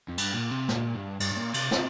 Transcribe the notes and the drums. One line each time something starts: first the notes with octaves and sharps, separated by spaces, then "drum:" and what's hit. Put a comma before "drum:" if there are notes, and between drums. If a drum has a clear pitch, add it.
F2
G2, drum: cymbal
A#2
C3
A#2, drum: snare
G2
G2, drum: cymbal
G2
A#2
C3, drum: cymbal
C3, drum: snare